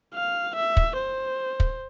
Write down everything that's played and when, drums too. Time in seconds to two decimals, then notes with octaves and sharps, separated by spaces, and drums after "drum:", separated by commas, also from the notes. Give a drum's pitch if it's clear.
0.14 F5
0.56 E5
0.77 drum: kick
0.98 C5
1.60 drum: kick